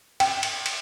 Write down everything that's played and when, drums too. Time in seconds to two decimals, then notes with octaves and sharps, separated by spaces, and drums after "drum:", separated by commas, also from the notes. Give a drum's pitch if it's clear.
0.20 G5, drum: cymbal
0.43 drum: cymbal
0.66 drum: cymbal